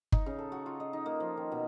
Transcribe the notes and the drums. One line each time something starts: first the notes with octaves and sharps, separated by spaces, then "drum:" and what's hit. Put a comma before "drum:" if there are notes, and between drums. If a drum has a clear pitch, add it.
D#4, drum: kick G1
C#3
A4
F#4
F4
D#5
D#4
A#3
F3
D#3
B2